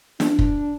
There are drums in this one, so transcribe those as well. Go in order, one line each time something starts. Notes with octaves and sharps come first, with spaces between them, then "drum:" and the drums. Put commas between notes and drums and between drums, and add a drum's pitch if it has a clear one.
D4, drum: snare
drum: kick